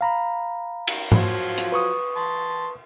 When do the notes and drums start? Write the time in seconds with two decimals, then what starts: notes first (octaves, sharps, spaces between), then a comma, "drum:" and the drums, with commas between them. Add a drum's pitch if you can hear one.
0.01 F5 A#5 B5
0.87 drum: cymbal
1.12 F3 F#3 F4, drum: tom G#2
1.58 drum: hi-hat
1.72 B4 C#6 D#6
2.16 A5 C6